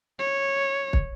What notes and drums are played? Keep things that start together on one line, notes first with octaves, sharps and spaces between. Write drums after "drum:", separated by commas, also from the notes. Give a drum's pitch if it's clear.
C#5
drum: kick